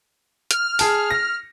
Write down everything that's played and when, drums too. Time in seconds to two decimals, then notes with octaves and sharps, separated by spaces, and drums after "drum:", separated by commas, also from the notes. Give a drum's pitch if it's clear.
0.51 F6, drum: hi-hat
0.79 G#4 A5, drum: open hi-hat
1.10 A#6